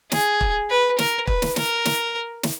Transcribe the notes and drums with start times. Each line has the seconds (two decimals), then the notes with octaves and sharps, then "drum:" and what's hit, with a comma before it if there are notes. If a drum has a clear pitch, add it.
0.12 G#4, drum: snare
0.41 drum: kick
0.70 B4
0.98 A#4, drum: snare
1.27 B4, drum: kick
1.42 drum: snare
1.56 A#4, drum: snare
1.85 drum: snare
2.43 drum: snare